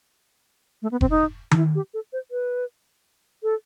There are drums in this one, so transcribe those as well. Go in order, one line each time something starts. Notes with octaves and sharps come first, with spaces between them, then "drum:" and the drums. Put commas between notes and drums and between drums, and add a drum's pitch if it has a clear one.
A3
B3
C4, drum: kick F1
D#4
D#4, drum: tom D#3
E4
G4
A4
C5
B4
A4